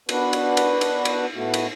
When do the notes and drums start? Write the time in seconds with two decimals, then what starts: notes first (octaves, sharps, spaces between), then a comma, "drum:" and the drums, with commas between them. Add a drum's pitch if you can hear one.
0.09 B3 D4 F#4 B4, drum: cymbal
0.33 drum: cymbal
0.57 drum: cymbal
0.81 drum: cymbal
1.05 drum: cymbal
1.35 A2 A3 B3 F#4
1.54 drum: cymbal